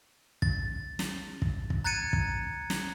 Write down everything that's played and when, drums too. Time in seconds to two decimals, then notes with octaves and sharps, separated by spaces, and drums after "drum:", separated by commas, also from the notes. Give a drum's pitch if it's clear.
0.42 A6, drum: kick
0.99 drum: snare
1.42 drum: kick
1.70 drum: kick
1.84 A#5 F#6 G#6 A6 C#7 D#7
2.13 drum: kick
2.70 drum: snare